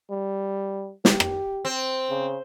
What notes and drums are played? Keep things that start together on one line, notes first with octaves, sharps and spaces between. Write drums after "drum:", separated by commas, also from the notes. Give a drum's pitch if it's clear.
G3
G4, drum: snare
drum: rim click
C4
C#3